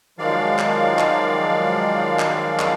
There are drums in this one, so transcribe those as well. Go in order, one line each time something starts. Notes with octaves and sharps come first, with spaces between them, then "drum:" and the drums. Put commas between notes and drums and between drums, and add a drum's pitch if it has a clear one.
D#3 F3 F#3 G#3 D5 F5
drum: clap
drum: clap
drum: clap
drum: clap